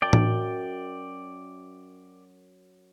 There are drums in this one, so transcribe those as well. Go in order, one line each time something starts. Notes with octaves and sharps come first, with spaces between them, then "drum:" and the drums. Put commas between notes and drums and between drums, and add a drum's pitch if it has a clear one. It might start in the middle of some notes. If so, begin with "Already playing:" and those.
F#2 D5 G5 A5
drum: tom A2